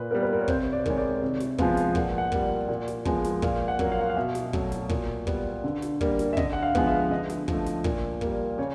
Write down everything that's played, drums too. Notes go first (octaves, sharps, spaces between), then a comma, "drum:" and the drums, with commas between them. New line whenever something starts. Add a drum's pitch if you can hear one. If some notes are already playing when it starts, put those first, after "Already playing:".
Already playing: A#2 B4
G3 B3 A#4
B4
A#4
C#5
C3 C5, drum: kick
D5
D#3 G#3 C#5, drum: kick
D5
C3
drum: snare
F3 G#3 B3 F5, drum: kick
drum: snare
A#2 F#5, drum: kick
F#5
G3 A#3, drum: kick
A#2
drum: snare
F3 G#3 B3, drum: kick
drum: snare
A#2 F5, drum: kick
F#5
F#3 A#3, drum: kick
F5
F#5
F5
B2 E5
drum: snare
F#3 A3, drum: kick
drum: snare
A#2, drum: kick
G3 B3, drum: kick
D3
drum: snare
G3 A#3, drum: kick
drum: snare
E5
D3 D#5, drum: kick
F#5
F5
F3 G#3 B3 F5, drum: kick
E5
D3 D#5
drum: snare
F3 A3, drum: kick
drum: snare
A#2, drum: kick
G3 A#3, drum: kick
C#3 C#5